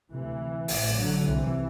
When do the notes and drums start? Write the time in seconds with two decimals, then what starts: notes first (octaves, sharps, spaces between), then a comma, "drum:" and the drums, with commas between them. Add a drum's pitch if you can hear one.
0.12 D2 C3 E3
0.68 A1 A2, drum: open hi-hat
0.96 D3 F#3
1.25 C2 C3 E3